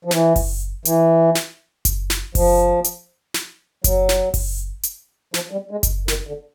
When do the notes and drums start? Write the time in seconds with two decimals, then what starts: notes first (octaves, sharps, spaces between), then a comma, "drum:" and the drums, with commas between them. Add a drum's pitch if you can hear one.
0.05 F3
0.11 E3, drum: snare
0.36 drum: kick F#1, open hi-hat
0.85 E3, drum: hi-hat
1.35 drum: snare
1.85 drum: kick F#1, hi-hat
2.10 drum: snare
2.35 F3, drum: kick F#1, open hi-hat
2.84 drum: hi-hat
3.34 drum: snare
3.84 F#3, drum: kick F#1, hi-hat
4.09 drum: snare
4.34 drum: kick F#1, open hi-hat
4.83 drum: hi-hat
5.34 F3, drum: snare
5.51 G3
5.71 G#3
5.83 drum: kick F#1, hi-hat
6.08 D#3, drum: snare
6.27 D3